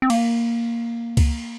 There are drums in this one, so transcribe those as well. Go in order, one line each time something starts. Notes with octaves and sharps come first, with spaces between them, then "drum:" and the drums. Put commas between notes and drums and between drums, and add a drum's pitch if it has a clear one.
C4
A#3, drum: cymbal
drum: kick C#2, cymbal